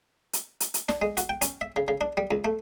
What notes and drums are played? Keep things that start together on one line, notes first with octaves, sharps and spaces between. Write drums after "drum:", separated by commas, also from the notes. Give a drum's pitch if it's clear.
drum: hi-hat
drum: hi-hat
drum: hi-hat
D4, drum: snare
G#3
F#4, drum: hi-hat
G5
C#4, drum: hi-hat
E5
C#3
C#3
D4
G3
C#2
A3